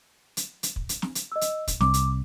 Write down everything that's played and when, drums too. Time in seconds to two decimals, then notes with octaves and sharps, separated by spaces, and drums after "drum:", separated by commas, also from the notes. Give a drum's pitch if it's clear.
0.37 drum: hi-hat
0.63 drum: hi-hat
0.76 drum: kick
0.89 drum: hi-hat
1.02 drum: snare
1.15 drum: hi-hat
1.32 D#5 E6
1.41 drum: hi-hat
1.68 drum: kick, hi-hat
1.81 C2 D6, drum: snare
1.94 drum: hi-hat